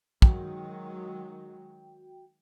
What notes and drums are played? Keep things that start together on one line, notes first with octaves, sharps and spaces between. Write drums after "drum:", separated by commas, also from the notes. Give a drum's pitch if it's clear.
D#3 F#3 G#3 F#4 G5, drum: kick